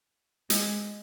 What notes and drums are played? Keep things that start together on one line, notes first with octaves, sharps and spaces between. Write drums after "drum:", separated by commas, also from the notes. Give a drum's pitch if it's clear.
G#3, drum: hi-hat